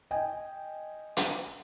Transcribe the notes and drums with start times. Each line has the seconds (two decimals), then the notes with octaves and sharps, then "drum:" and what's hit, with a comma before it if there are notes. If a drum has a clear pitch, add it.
0.11 D#5 G5 G#5
1.17 drum: hi-hat